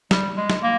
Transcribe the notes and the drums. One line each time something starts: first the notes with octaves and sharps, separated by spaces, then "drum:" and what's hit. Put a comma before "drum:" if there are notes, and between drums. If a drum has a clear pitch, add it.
G3, drum: snare
G#3
drum: snare
A#3